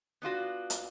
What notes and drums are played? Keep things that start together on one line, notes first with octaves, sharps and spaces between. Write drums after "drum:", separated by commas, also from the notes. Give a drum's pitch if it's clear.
B3 D4 F4 F#4
drum: hi-hat